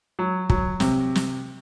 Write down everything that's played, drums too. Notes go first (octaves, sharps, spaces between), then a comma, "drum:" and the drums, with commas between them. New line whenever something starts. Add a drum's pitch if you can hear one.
F#3
F#3, drum: kick
C3, drum: snare
drum: snare